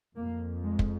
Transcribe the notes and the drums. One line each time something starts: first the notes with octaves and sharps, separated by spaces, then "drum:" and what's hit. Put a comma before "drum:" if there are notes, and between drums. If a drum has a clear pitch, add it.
F2 A#3
G#3
drum: kick